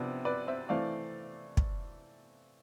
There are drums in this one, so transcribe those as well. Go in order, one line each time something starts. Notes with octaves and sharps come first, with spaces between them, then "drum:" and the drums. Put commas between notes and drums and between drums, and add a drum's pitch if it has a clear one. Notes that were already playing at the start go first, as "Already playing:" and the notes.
Already playing: C3 F3 B3 D4
B4 D5
C5 E5
E3 A3 C4 D5 F5
drum: kick